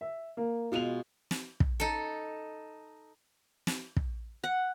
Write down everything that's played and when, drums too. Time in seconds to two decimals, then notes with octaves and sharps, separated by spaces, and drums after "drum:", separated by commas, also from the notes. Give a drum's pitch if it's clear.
0.01 E5
0.37 A#3
0.72 B2 G#3 B3 F4 F7
1.31 drum: snare
1.60 drum: kick
1.80 D#4 A4
3.67 drum: snare
3.96 drum: kick
4.44 F#5